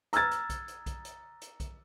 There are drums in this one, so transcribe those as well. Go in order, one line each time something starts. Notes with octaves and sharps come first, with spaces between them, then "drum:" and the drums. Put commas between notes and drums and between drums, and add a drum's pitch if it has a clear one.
A#5 E6 F6 G#6 A6, drum: hi-hat
drum: hi-hat
drum: kick B1, hi-hat
drum: hi-hat
drum: kick B1, hi-hat
drum: hi-hat
drum: hi-hat
drum: kick B1, hi-hat